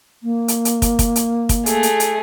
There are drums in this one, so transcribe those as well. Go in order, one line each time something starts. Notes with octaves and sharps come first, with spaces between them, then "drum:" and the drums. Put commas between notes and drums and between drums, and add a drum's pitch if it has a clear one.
A#3
drum: hi-hat
drum: hi-hat
drum: kick, hi-hat
drum: kick, hi-hat
drum: hi-hat
drum: kick, hi-hat
A3 G#4, drum: hi-hat
drum: hi-hat
drum: hi-hat